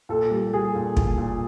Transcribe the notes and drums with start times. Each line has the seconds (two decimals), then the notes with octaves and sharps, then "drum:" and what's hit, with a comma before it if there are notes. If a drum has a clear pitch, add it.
0.09 A#2 A4
0.31 G3
0.54 G3 G#4
0.75 A#2
0.97 A#2, drum: kick
1.18 A#2